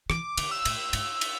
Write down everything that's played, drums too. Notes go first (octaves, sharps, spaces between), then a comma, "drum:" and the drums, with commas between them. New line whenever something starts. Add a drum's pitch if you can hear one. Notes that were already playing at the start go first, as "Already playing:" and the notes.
E3 D6, drum: rim click
D3, drum: cymbal
E6
A2, drum: cymbal
G#2, drum: cymbal
drum: cymbal